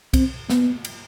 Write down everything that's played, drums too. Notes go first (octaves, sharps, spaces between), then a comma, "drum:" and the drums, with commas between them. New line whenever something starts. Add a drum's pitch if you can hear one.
C4, drum: kick, cymbal
B3, drum: snare
drum: cymbal